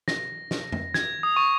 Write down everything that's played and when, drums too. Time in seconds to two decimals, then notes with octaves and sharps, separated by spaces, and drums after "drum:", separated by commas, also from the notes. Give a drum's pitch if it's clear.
0.08 A#6, drum: snare
0.51 drum: snare
0.72 drum: tom F2
0.94 G#6, drum: snare
1.23 D#6
1.36 C#6